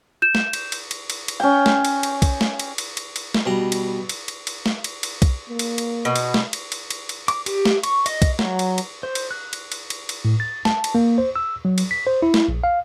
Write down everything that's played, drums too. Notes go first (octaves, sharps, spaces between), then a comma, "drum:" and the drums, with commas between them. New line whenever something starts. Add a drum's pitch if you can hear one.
G6 E7
drum: snare
drum: cymbal
drum: cymbal
drum: cymbal
drum: cymbal
drum: cymbal
C#4 G5
drum: snare
drum: cymbal
drum: cymbal
drum: kick B1, cymbal
drum: snare
drum: cymbal
drum: cymbal
drum: cymbal
drum: cymbal
drum: snare
B2 G3 A#5
drum: cymbal
drum: cymbal
drum: cymbal
drum: cymbal
drum: snare
drum: cymbal
drum: cymbal
drum: kick B1, cymbal
A#3
drum: cymbal
drum: cymbal
B2
drum: cymbal
drum: snare
drum: cymbal
drum: cymbal
drum: cymbal
drum: cymbal
D6, drum: cymbal
G4, drum: cymbal
drum: snare
C#6, drum: cymbal
D#5, drum: cymbal
drum: kick B1, cymbal
F#3, drum: snare
drum: cymbal
drum: cymbal
C5
drum: cymbal
F#6
drum: cymbal
drum: cymbal
drum: cymbal
drum: cymbal
A2
A6
A5, drum: snare
drum: cymbal
A#3
C5
E6
F#3
drum: cymbal
B6
C5
E4
drum: snare
A#1
F5